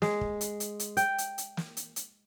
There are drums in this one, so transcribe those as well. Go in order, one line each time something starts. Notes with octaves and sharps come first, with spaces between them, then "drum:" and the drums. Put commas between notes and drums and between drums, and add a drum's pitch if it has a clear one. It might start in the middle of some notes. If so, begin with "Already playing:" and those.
G#3, drum: snare
drum: kick
drum: hi-hat
drum: hi-hat
drum: hi-hat
G5, drum: hi-hat
drum: hi-hat
drum: hi-hat
drum: snare
drum: hi-hat
drum: hi-hat